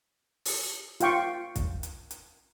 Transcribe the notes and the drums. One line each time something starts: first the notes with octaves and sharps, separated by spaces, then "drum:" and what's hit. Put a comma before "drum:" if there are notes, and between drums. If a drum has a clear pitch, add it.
drum: open hi-hat
F4 F5 G5 C#6, drum: hi-hat
drum: kick, hi-hat
drum: hi-hat
drum: hi-hat